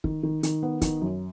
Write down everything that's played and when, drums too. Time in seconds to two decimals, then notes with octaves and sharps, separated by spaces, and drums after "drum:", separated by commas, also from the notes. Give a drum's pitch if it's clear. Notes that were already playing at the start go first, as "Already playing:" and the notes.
0.04 D#3, drum: kick
0.23 D#3
0.43 D#3, drum: hi-hat
0.63 B3
0.81 D#3, drum: kick, hi-hat
1.01 F#2